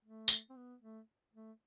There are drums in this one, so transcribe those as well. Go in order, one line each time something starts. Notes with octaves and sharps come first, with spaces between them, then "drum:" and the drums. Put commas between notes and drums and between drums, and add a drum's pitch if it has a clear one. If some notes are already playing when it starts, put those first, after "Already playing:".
A3
drum: tambourine
C4
B3
A3
A3